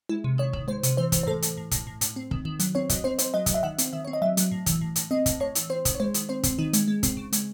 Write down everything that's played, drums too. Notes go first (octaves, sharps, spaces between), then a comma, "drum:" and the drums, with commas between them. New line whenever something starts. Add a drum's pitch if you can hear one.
G#3 E4
C3
D#3 C#5
D#3, drum: kick
G#3 C5
C3, drum: hi-hat
E3 C5
E3, drum: kick, hi-hat
C5
A2 A4
A2, drum: hi-hat
A2
A2, drum: kick, hi-hat
A2
A2, drum: hi-hat
C4
D#3, drum: kick
D#3
F#3, drum: hi-hat
C4 C#5
F#3 D#5, drum: kick, hi-hat
C4 C5
C4 C5, drum: hi-hat
F#3 D#5
F#3 D#5, drum: kick, hi-hat
E5
D#3 F#5
C4, drum: hi-hat
D#3 E5
C4 C#5
D#5
F#3 E5
F#3, drum: hi-hat
A2
E3, drum: kick, hi-hat
A2
A2, drum: hi-hat
C4 D#5
A2, drum: kick, hi-hat
A2 C#5
E3, drum: hi-hat
C4 C5
D#3, drum: kick, hi-hat
C#5
G#3 C5
D#3, drum: hi-hat
C4 C5
C4, drum: kick, hi-hat
D#3 D#4
G#3, drum: hi-hat
G#3
C4, drum: kick, hi-hat
C#3
G#3, drum: hi-hat